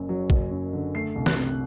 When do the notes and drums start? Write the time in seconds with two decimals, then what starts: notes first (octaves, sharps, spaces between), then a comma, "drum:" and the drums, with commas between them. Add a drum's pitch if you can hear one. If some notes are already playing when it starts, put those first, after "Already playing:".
Already playing: F#1 F#2
0.09 F#3
0.30 F#1, drum: kick A#1
0.51 F#2
0.73 D3
0.95 A3 C7
1.16 C2
1.26 F#6, drum: snare
1.37 C3